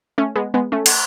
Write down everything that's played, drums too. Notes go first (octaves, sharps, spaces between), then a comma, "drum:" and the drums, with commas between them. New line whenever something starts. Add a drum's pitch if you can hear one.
A3 C#4
G#3 B3
G#3 B3
A3 C#4
drum: cymbal